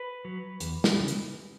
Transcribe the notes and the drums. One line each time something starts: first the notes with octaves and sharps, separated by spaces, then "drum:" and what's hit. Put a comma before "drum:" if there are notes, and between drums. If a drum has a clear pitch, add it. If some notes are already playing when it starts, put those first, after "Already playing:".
Already playing: B4
F#3
E2, drum: hi-hat
drum: snare
C#3 E3
drum: hi-hat